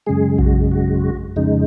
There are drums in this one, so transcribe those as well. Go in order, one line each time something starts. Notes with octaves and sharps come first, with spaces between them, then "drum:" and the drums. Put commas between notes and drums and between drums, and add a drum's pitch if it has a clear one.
F#2 C#3 G#3 G#4
F#4, drum: kick A#1
F#4
F2 C#3 G#3 D#4